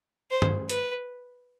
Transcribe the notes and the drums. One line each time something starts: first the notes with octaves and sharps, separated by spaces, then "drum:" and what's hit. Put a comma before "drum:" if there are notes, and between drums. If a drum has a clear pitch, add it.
C5
drum: tom G2
B4, drum: hi-hat